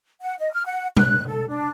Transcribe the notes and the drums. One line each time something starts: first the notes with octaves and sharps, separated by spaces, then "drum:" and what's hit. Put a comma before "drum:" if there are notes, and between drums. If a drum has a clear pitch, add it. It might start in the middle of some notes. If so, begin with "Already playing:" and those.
F#5
D#5
F6
F#5
F#6, drum: tom B2
A4
D4